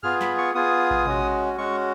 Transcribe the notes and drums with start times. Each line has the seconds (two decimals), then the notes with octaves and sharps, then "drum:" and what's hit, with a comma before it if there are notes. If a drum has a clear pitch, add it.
0.03 B3 F4 G#4 F6, drum: tom F#2
0.21 B5, drum: snare
0.38 C#6
0.54 B3 F4 G#4 D#6
0.91 drum: kick A1
1.05 G#3 C#4 F#4, drum: tom B2
1.58 G#3 C#4 F#4 C#6